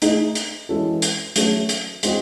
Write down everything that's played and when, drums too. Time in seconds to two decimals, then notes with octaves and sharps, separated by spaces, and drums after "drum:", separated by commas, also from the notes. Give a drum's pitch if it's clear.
0.02 A3 D#4 G#4, drum: hi-hat
0.35 drum: hi-hat
0.69 E3 G#3 C#4 F#4 A4
1.02 drum: hi-hat
1.36 F#3 A3 C#4 G#4, drum: hi-hat
1.69 drum: hi-hat
2.03 G#3 C4 F#4, drum: hi-hat